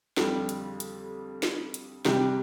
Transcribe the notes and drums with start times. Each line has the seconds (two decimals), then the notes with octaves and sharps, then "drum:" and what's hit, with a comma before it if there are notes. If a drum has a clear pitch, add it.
0.17 F2 D3 G3 G4, drum: snare
0.49 drum: hi-hat
0.80 drum: hi-hat
1.43 drum: snare
1.74 drum: hi-hat
2.05 C2 C3 G3 G4, drum: snare